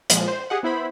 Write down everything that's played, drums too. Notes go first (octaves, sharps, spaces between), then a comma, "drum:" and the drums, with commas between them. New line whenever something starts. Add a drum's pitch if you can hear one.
A#2 F3 G#3, drum: hi-hat
C5
G4 G#4 D#5 F#5
B3 E4 C5 B5